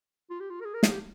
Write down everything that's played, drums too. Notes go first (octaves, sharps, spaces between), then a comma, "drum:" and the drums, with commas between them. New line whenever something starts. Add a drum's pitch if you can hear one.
F4
G4
F4
A#4
G#4
A#4
G#4, drum: snare
G4